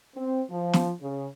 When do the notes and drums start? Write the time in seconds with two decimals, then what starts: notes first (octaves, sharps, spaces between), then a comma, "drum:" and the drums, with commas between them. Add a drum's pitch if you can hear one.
0.16 C4
0.50 F3
0.73 drum: snare
1.00 C#3